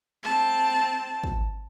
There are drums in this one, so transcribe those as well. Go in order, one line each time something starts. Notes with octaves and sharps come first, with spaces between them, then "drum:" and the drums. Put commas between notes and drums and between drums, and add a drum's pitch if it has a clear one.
C4 A5, drum: clap
drum: kick